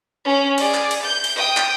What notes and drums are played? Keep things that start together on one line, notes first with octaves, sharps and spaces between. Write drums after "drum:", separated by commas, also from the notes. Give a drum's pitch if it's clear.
C#4
G#4 D5, drum: cymbal
drum: clap
drum: cymbal
G6
drum: cymbal
G5 D#6
drum: clap